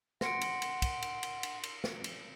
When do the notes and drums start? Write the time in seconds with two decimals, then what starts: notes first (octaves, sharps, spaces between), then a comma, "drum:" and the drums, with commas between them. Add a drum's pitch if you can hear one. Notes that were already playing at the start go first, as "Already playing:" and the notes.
0.21 F#5 C6 A#6 C#7 D7, drum: snare
0.41 drum: cymbal
0.62 drum: cymbal
0.82 drum: kick, cymbal
1.02 drum: cymbal
1.23 drum: cymbal
1.43 drum: cymbal
1.64 drum: cymbal
1.84 drum: snare
2.04 drum: cymbal